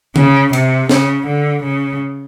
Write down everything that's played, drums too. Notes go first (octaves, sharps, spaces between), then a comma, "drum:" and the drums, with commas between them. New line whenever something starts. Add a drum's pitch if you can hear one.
C#3, drum: tom D3
C3, drum: cymbal
C#3, drum: snare
D3
C#3